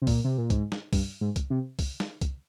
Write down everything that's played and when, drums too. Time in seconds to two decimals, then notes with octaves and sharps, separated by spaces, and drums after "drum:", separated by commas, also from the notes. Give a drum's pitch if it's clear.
0.02 C3
0.07 A#2, drum: kick C2, open hi-hat
0.24 C3
0.38 A#2
0.50 G#2, drum: kick C2, hi-hat
0.72 drum: snare
0.93 G2, drum: kick C2, open hi-hat
1.21 G#2
1.36 drum: kick C2, hi-hat
1.50 C3
1.79 drum: kick C2, open hi-hat
2.00 drum: snare
2.21 drum: kick C2, hi-hat